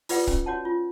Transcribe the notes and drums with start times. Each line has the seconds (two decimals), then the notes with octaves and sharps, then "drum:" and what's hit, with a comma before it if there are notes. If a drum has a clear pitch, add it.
0.09 F4 B4 D5 F#5, drum: open hi-hat
0.27 C#4, drum: kick
0.46 F#4 C#5 F#5 A5
0.65 F4